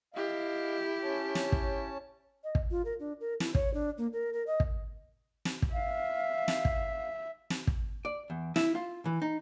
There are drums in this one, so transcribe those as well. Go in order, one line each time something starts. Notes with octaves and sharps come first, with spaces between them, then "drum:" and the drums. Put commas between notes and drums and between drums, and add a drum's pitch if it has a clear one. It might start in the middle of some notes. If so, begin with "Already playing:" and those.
E4 G4 D#5 F5
C#4 C#5 A5
drum: snare
drum: kick
D#5
drum: kick
F4
A#4
D4
A#4
E4, drum: snare
C#5, drum: kick
D4
A#3
A#4
A#4
D#5
drum: kick
drum: snare
drum: kick
E5 F5
drum: snare
drum: kick
drum: snare
drum: kick
D5
E2
E4, drum: snare
F4
E3
D#4